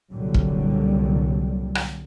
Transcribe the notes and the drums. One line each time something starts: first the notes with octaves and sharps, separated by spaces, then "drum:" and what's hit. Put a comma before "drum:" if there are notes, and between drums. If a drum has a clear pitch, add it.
C2 A#2 D3 F#3 G3
drum: kick
drum: rim click